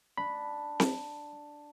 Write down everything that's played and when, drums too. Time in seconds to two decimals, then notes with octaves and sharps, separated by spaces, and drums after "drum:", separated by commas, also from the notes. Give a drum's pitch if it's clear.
0.18 D4 B5
0.80 drum: snare C4